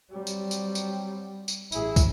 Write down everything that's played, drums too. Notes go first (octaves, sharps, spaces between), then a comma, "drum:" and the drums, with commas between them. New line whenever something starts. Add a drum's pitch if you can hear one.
F#3 G3 C4 G4
drum: tambourine
drum: tambourine
drum: tambourine
drum: tambourine
A1 E4 G#4, drum: tambourine
drum: kick, tambourine